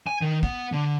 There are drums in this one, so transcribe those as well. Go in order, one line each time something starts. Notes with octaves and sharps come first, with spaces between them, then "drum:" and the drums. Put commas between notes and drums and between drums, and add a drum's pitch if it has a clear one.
G#5
D#3
B3, drum: kick
D3